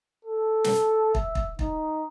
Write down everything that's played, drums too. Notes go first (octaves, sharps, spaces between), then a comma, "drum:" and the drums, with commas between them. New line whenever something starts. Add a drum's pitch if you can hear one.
A4
drum: snare
E5, drum: kick
drum: kick
D#4, drum: kick